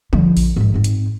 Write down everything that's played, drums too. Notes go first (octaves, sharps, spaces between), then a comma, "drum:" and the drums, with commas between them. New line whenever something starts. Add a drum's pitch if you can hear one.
F2 D3, drum: tom
drum: kick A#1, open hi-hat
G#1 G#2
G#2 C4
drum: hi-hat